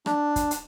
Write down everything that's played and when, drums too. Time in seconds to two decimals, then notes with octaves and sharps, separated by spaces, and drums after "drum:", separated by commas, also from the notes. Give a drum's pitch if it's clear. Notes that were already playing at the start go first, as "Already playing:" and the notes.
0.06 D4, drum: rim click
0.36 drum: kick, hi-hat
0.51 drum: hi-hat